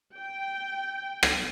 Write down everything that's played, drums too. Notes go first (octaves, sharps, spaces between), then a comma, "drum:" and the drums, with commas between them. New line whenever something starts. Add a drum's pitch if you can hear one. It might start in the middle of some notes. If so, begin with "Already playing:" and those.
G5
drum: rim click